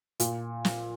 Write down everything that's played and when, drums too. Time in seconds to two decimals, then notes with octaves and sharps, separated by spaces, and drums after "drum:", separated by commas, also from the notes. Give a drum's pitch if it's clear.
0.20 A#2, drum: hi-hat
0.65 drum: snare